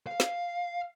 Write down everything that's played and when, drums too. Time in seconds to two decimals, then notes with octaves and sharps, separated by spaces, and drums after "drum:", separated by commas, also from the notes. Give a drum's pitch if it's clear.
0.07 F5
0.20 drum: snare